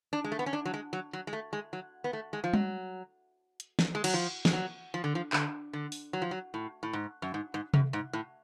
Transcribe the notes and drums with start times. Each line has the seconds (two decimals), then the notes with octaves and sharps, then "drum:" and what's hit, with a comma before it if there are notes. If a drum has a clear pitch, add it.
0.13 D4
0.24 G#3
0.32 A3
0.39 B3
0.46 C#4
0.53 D4
0.65 F#3
0.74 G#3
0.93 F#3
1.13 F#3
1.27 G#3
1.33 A3
1.53 G#3
1.73 F#3
2.04 B3
2.13 A3
2.33 G#3
2.44 F3
2.53 F#3, drum: tom G3
3.60 drum: hi-hat
3.79 drum: snare
3.95 G#3
4.04 F#3, drum: cymbal
4.14 F3
4.45 G#3, drum: snare
4.53 F#3
4.94 F3
5.04 D3
5.15 F3
5.33 D3, drum: clap
5.73 D3
5.92 drum: open hi-hat
6.13 F#3
6.22 F3
6.31 F#3
6.54 A2
6.83 A2
6.93 G#2
7.22 F#2
7.34 G#2
7.54 G#2
7.74 F#2, drum: tom C3
7.93 G#2
8.13 A2